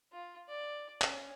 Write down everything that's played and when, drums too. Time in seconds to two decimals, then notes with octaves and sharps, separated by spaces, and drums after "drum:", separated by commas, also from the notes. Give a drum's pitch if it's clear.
0.13 F4
0.49 D5
1.02 C#4, drum: clap